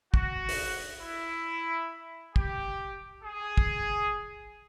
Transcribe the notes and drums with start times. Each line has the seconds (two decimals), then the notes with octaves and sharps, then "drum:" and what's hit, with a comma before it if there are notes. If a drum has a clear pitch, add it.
0.14 F#4, drum: kick
0.49 drum: open hi-hat
1.02 E4
2.36 G4, drum: kick
3.24 G#4
3.57 drum: kick